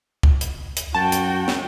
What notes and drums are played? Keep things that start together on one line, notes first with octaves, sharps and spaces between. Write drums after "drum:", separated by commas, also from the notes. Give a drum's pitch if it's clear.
drum: kick C#2
drum: hi-hat
drum: hi-hat
F#2 F#4 G5 A5
drum: hi-hat
drum: snare